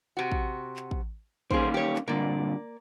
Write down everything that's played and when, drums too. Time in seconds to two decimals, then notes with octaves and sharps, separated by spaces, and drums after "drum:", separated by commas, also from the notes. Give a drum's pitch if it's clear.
0.17 C3 F#4
0.32 drum: kick
0.76 drum: clap
0.91 drum: kick
1.51 D#3 A#3 C#4 G#4 C5, drum: kick
1.74 G4 C#5
1.96 drum: clap
2.08 G2 A#2 D3 A#3 D5